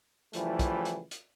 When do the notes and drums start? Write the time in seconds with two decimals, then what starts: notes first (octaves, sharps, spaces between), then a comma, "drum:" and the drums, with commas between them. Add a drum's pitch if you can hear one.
0.33 C#3 E3 F3 G3 A3 E4, drum: hi-hat
0.59 drum: kick, hi-hat
0.85 drum: hi-hat
1.11 drum: hi-hat